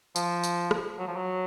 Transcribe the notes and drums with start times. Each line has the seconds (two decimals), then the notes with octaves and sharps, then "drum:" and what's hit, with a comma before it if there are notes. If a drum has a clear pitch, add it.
0.16 F3, drum: tambourine
0.44 drum: tambourine
0.71 drum: rim click
0.98 F#3
1.08 F3
1.17 F#3